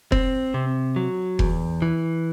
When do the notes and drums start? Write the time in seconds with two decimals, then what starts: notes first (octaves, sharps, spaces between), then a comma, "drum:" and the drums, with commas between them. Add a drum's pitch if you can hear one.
0.12 C4, drum: kick F1
0.54 C3
0.96 F#3
1.39 E2, drum: kick F1
1.82 E3